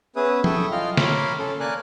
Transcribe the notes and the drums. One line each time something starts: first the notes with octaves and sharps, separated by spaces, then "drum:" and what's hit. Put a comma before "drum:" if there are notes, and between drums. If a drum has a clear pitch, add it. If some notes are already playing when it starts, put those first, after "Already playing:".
B3 C#4 G#4 B4 E5 D#6
E4 A4 E5 G5 C#6 D#6, drum: tom F3
F4 D#5 F5 G5 F6
A#4 C#5 B5 C6 D6, drum: snare
C#4 A4
A#3 A#4 D5 G#5 F#6